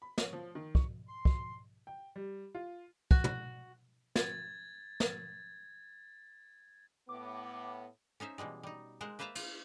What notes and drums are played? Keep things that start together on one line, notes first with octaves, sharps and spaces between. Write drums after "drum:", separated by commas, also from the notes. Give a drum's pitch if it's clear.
B5
C#5, drum: snare
F3
D#3
C#6, drum: kick
C6
drum: kick
G5
G3
F4
F#4, drum: kick
drum: tom
G#6 A6, drum: snare
drum: snare
A2 B3 D6
C#4 D#4 C5 E5
B2 E3 G3 G#3
G3 D#4
G#3 A#4 C5 F#5
A#3 B4 C5 E5 A5 A#5
F4, drum: cymbal